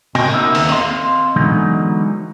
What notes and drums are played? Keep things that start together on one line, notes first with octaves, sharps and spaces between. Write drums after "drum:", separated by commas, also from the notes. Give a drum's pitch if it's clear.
C#3 C4 F#4 D#5 G5 G#5, drum: cymbal
A#3 B3 D#4 E5
D#2, drum: open hi-hat
C4 D#5 F5 C6, drum: open hi-hat
D3 E3 F#3 G#3 B3 D#4